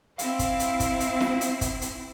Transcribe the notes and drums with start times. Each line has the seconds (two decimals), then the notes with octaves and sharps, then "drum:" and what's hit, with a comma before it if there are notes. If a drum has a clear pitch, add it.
0.19 C4 E4 F5, drum: hi-hat
0.39 drum: kick, hi-hat
0.59 drum: hi-hat
0.80 drum: kick, hi-hat
1.00 drum: hi-hat
1.20 drum: snare
1.41 drum: hi-hat
1.61 drum: kick, hi-hat
1.81 drum: hi-hat